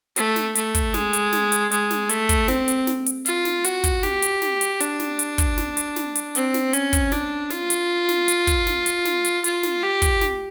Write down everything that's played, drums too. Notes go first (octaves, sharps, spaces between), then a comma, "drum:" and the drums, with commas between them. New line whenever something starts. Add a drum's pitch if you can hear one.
A3, drum: hi-hat
drum: snare
A3, drum: hi-hat
drum: kick, hi-hat
G#3, drum: snare
drum: hi-hat
drum: snare
drum: hi-hat
G#3, drum: hi-hat
drum: snare
A3, drum: hi-hat
drum: kick, hi-hat
C4, drum: snare
drum: hi-hat
drum: snare
drum: hi-hat
F4, drum: hi-hat
drum: snare
F#4, drum: hi-hat
drum: kick, hi-hat
G4, drum: snare
drum: hi-hat
drum: snare
drum: hi-hat
D4, drum: hi-hat
drum: snare
drum: hi-hat
drum: kick, hi-hat
drum: snare
drum: hi-hat
drum: snare
drum: hi-hat
C4, drum: hi-hat
drum: snare
C#4, drum: hi-hat
drum: kick, hi-hat
D4, drum: snare
F4, drum: snare
drum: hi-hat
drum: snare
drum: hi-hat
drum: kick, hi-hat
drum: snare
drum: hi-hat
drum: snare
drum: hi-hat
F4, drum: hi-hat
drum: snare
G4
drum: kick, hi-hat
drum: snare